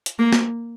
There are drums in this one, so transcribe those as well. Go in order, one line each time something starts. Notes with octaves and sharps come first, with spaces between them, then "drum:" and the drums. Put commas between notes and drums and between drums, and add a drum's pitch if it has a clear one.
drum: hi-hat
A#3
drum: snare